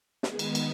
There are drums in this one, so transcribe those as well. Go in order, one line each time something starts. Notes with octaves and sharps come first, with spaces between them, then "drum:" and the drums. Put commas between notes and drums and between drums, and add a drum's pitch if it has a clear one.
D#3 G#3 B3 G#4, drum: snare
drum: cymbal
drum: cymbal